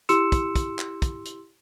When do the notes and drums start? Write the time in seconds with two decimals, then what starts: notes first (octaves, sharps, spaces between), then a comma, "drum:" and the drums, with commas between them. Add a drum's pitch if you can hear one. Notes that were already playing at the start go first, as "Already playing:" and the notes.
0.09 E4 G4 C6 E6 C#7 E7, drum: hi-hat
0.32 drum: kick, hi-hat
0.55 drum: kick, hi-hat
0.79 drum: clap
1.02 drum: kick, hi-hat
1.25 drum: hi-hat